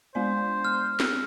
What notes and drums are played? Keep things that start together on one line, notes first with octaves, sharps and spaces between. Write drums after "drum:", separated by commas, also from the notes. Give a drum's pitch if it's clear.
G#3 B3 C5 D5
F6
E6 F#6 C#7, drum: snare